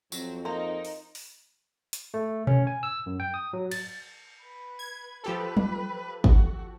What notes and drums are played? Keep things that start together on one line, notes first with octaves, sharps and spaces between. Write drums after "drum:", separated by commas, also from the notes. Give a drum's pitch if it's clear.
F2 F#3 C4, drum: tambourine
A#3 D#4 A#4 C5
drum: open hi-hat
drum: open hi-hat
drum: hi-hat
A3
C#4, drum: tom B2
G#5
E6
F#2
G5
D#6
F#3
A6, drum: cymbal
B4
G#6
F3 G4 A4 B4
drum: tom F#3
F#4, drum: kick G#1